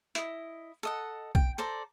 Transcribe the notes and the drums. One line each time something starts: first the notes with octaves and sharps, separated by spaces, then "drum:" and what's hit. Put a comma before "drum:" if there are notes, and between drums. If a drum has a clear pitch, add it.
E4 D#5, drum: hi-hat
A4 D#5 F#5
G5, drum: kick
A4 C5 D5 A#5